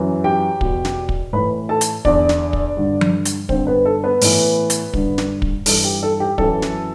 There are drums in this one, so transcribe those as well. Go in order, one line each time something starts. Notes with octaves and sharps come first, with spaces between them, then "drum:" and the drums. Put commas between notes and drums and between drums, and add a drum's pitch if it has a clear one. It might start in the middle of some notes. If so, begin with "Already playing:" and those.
Already playing: F#2 E3
G4 G5
E2 B2, drum: kick
drum: snare
drum: kick
A2 E3 B4 B5
A4 A5
drum: hi-hat
E2 D3 D4 D5, drum: kick
drum: snare
drum: kick
G2 D3
drum: tom F3
drum: hi-hat
G2 D3 C4 C5, drum: kick
B3 B4
A4
B3 B4
A2 E3, drum: open hi-hat
drum: hi-hat
G2 D3, drum: kick
drum: snare
drum: kick
G2 E3 A4, drum: open hi-hat
G4
A4
G4
F#2 E3 A4, drum: kick
drum: snare